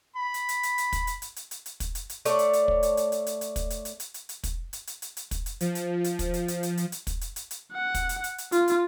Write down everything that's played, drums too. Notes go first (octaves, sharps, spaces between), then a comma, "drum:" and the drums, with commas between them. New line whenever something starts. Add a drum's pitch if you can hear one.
B5
drum: hi-hat
drum: hi-hat
drum: hi-hat
drum: hi-hat
drum: kick, hi-hat
drum: hi-hat
drum: hi-hat
drum: hi-hat
drum: hi-hat
drum: hi-hat
drum: kick, hi-hat
drum: hi-hat
drum: hi-hat
A3 C#5 D5, drum: hi-hat
drum: hi-hat
drum: hi-hat
drum: kick
drum: hi-hat
drum: hi-hat
drum: hi-hat
drum: hi-hat
drum: hi-hat
drum: kick, hi-hat
drum: hi-hat
drum: hi-hat
drum: hi-hat
drum: hi-hat
drum: hi-hat
drum: kick, hi-hat
drum: hi-hat
drum: hi-hat
drum: hi-hat
drum: hi-hat
drum: kick, hi-hat
drum: hi-hat
F3, drum: hi-hat
drum: hi-hat
drum: hi-hat
drum: kick, hi-hat
drum: hi-hat
drum: hi-hat
drum: hi-hat
drum: hi-hat
drum: hi-hat
drum: kick, hi-hat
drum: hi-hat
drum: hi-hat
drum: hi-hat
F#5
drum: kick, hi-hat
drum: hi-hat
drum: hi-hat
drum: hi-hat
F4, drum: hi-hat
drum: hi-hat